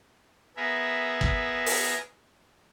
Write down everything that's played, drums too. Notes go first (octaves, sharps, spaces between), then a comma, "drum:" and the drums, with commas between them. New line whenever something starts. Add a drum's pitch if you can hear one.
B3 G#4 A#4 E5
drum: kick
drum: open hi-hat